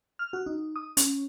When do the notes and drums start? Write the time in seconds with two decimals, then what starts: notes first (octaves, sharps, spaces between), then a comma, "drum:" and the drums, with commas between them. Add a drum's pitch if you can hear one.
0.19 F6
0.33 F#4
0.46 D#4
0.76 D#6
0.97 C#4, drum: hi-hat